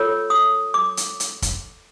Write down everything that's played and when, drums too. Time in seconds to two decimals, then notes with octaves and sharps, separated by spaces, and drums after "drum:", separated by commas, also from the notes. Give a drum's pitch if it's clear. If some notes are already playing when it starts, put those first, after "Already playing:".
Already playing: F4 A4 C#5 E6
0.30 D#6
0.74 D6
0.97 drum: hi-hat
1.20 drum: hi-hat
1.42 drum: kick, hi-hat